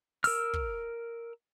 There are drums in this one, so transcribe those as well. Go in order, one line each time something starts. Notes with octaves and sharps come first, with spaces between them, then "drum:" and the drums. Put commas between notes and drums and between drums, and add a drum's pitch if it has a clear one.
A#4 E6 F6, drum: open hi-hat
drum: kick